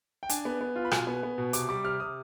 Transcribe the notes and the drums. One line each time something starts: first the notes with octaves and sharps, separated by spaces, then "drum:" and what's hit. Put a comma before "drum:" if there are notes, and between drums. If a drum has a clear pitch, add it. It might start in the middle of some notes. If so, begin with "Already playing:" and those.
G5
D4 G#5, drum: hi-hat
B3
B3
F4
B5
B2 G#5, drum: rim click
B3
B3
B2
C3 D6, drum: hi-hat
G3 D6
C3 F6
C3 D#6